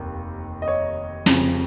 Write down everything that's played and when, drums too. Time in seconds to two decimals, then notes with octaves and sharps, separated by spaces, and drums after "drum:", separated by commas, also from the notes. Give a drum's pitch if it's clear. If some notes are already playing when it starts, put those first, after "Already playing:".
Already playing: F1 D#2
0.62 D#5
0.68 C#5
1.26 F1 F2 C#3 F3, drum: snare